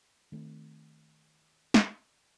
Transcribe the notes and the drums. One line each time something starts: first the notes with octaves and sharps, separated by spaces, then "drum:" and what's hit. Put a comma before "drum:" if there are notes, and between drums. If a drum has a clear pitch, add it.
D#3 A3 C4
drum: snare